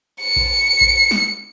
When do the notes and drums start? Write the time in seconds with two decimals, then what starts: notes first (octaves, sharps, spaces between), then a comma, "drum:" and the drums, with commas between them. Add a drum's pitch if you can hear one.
0.21 C#7
0.36 drum: kick A#1
0.81 drum: kick A#1
1.11 drum: snare